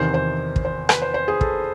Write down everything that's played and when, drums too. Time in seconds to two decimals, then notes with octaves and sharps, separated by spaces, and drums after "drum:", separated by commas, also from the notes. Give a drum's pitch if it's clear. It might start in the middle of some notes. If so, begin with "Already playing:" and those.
Already playing: E2 C3 D#3 C5
0.14 C5
0.56 drum: kick
0.65 C5
0.89 B4, drum: rim click
1.02 C5
1.14 C5
1.28 G#4
1.41 A4, drum: kick